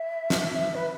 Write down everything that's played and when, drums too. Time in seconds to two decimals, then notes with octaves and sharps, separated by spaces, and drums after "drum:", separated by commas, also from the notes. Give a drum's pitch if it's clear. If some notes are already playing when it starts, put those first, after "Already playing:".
Already playing: E5
0.30 drum: snare
0.75 B4